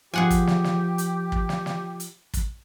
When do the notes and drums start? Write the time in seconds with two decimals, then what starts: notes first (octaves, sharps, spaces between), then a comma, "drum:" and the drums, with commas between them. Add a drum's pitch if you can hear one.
0.14 F3 G4 G#4 F#5 G#5
0.30 drum: kick, hi-hat
0.47 drum: snare
0.64 drum: snare
0.98 drum: hi-hat
1.32 drum: kick
1.49 drum: snare
1.66 drum: snare
2.00 drum: hi-hat
2.34 drum: kick, hi-hat